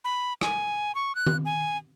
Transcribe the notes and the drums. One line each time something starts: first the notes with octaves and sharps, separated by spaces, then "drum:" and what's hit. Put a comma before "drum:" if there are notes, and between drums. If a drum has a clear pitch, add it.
B5
G#5, drum: rim click
C#6
F#6
drum: tom D#3
G#5